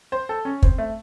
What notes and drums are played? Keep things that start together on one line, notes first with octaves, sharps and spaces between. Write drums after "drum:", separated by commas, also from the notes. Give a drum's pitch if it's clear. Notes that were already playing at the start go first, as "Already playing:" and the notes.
C5
A4
C#4
C4, drum: kick
A3